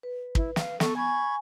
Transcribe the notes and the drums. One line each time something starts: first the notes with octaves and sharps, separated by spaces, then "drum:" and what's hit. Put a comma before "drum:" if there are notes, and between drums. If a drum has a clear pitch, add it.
B4
E4, drum: kick
F5, drum: snare
B3 A4 C#6, drum: snare
G#5 B5 C#6 G#6